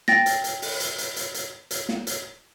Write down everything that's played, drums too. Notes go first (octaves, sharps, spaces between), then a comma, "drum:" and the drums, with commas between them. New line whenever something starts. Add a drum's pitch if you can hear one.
G5 A6 A#6, drum: snare
drum: hi-hat
drum: hi-hat
drum: open hi-hat
drum: hi-hat
drum: hi-hat
drum: hi-hat
drum: hi-hat
drum: hi-hat
drum: snare
drum: hi-hat